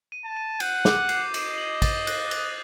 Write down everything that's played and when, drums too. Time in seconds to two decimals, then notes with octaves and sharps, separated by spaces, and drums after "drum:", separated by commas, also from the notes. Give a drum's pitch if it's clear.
0.12 D#7
0.25 A5
0.37 D#7
0.60 F#5 G6, drum: cymbal
0.85 D6, drum: snare
1.09 C7, drum: cymbal
1.34 D#5 D6, drum: cymbal
1.58 F#7
1.82 A6, drum: kick, cymbal
2.07 F#6, drum: cymbal
2.31 D#6, drum: cymbal